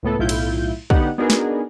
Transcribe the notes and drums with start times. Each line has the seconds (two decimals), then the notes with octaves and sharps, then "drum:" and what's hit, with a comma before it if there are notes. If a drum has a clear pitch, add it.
0.03 C#2 A2 B3 A4
0.19 B1 A2 E4 F4 G6
0.29 drum: cymbal
0.90 D3 B3 D#4 G4 F#5, drum: kick
1.18 B3 D4 D#4 F#4 G#4 A#4
1.30 drum: snare